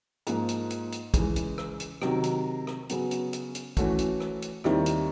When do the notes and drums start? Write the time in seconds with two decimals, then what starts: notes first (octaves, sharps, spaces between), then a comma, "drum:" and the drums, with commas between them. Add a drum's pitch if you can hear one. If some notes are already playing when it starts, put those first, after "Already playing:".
0.27 G#2 F3 A#3, drum: hi-hat
0.49 drum: hi-hat
0.71 drum: hi-hat
0.92 drum: hi-hat
1.14 C#3 E3 G#3, drum: kick, hi-hat
1.36 drum: hi-hat
1.58 drum: rim click
1.80 drum: hi-hat
2.02 C3 D#3 F#3, drum: rim click
2.24 drum: hi-hat
2.67 drum: rim click
2.90 C#3 F#3 B3, drum: hi-hat
3.11 drum: hi-hat
3.33 drum: hi-hat
3.55 drum: hi-hat
3.77 E3 A3 C#4 F#4 A4, drum: kick, hi-hat
3.99 drum: hi-hat
4.20 drum: rim click
4.42 drum: hi-hat
4.64 D#2 D#3 G3 C4 E4, drum: rim click
4.86 drum: hi-hat